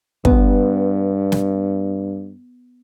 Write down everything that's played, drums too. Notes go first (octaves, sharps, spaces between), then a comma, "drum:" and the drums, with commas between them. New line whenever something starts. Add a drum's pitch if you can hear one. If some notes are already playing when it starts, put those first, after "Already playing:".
G2 B3, drum: kick
drum: snare